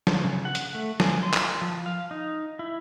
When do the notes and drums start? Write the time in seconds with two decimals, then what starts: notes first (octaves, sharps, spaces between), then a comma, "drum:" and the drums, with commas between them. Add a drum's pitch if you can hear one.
0.07 drum: snare
0.24 C#3
0.45 F#5
0.55 drum: hi-hat
0.75 A3
1.00 G#5, drum: snare
1.23 C6
1.33 drum: clap
1.61 F3
1.86 F5
2.11 D#4
2.59 E4